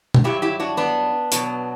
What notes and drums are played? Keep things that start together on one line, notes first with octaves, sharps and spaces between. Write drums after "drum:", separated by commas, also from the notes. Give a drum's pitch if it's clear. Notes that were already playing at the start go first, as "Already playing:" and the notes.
drum: tom
G2 F#3 E4 G4
E4 G4
D4 F#4
B3 D4
B2 F#3, drum: hi-hat